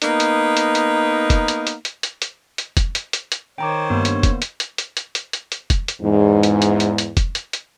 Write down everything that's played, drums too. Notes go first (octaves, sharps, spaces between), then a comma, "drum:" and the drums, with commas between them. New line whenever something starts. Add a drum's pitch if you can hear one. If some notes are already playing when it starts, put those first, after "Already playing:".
A#3 B3 D#4, drum: hi-hat
drum: hi-hat
drum: hi-hat
drum: hi-hat
drum: kick F1, hi-hat
drum: hi-hat
drum: hi-hat
drum: hi-hat
drum: hi-hat
drum: hi-hat
drum: hi-hat
drum: kick F1, hi-hat
drum: hi-hat
drum: hi-hat
drum: hi-hat
D#3 C5 C#5 G5 A#5 D6
G2 A#3 B3
drum: hi-hat
drum: kick F1, hi-hat
drum: hi-hat
drum: hi-hat
drum: hi-hat
drum: hi-hat
drum: hi-hat
drum: hi-hat
drum: hi-hat
drum: kick F1, hi-hat
drum: hi-hat
E2 G#2
drum: hi-hat
drum: hi-hat
drum: hi-hat
drum: hi-hat
drum: kick F1, hi-hat
drum: hi-hat
drum: hi-hat